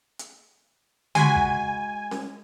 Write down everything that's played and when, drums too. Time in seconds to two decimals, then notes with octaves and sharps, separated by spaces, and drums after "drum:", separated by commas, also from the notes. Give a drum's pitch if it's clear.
0.19 drum: hi-hat
1.15 G#3 F#4 G#5 B5, drum: tom C#3
1.35 drum: kick
2.11 drum: snare C#4